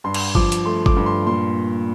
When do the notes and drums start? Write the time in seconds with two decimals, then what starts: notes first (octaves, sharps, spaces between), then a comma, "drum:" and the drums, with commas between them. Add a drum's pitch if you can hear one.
0.04 G2 C6
0.14 drum: cymbal
0.35 F3 D6, drum: kick
0.52 drum: hi-hat
0.65 A3 C6
0.86 D6, drum: kick
0.97 G2
1.06 C6
1.27 A#2 C6